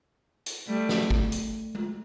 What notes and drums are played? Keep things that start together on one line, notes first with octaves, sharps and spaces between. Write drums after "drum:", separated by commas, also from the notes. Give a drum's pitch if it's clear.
drum: hi-hat
G3 A3
drum: snare
drum: kick
drum: hi-hat
drum: tom G#3